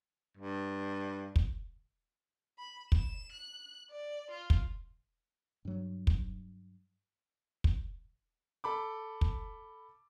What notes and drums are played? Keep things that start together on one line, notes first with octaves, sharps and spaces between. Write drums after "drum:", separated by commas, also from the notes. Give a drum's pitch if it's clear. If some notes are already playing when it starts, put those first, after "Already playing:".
G2
drum: kick
B5
E7, drum: kick
F#6
D5
F4
drum: kick
G2 F#3
drum: kick
drum: kick
A4 B5 D6
drum: kick